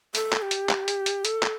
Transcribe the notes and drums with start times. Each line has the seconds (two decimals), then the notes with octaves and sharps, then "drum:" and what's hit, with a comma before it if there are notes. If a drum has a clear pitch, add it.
0.15 A4, drum: hi-hat
0.33 drum: clap
0.42 G4
0.51 drum: hi-hat
0.69 drum: clap
0.88 drum: hi-hat
1.06 drum: hi-hat
1.25 A4, drum: hi-hat
1.43 drum: clap